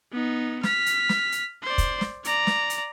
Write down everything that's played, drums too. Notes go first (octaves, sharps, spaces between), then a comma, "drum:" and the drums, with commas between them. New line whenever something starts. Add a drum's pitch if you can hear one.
B3 D#4
F6 B6, drum: snare
drum: hi-hat
drum: snare
drum: hi-hat
C5 D5
drum: kick, hi-hat
drum: snare
D5 A#5, drum: hi-hat
drum: snare
drum: hi-hat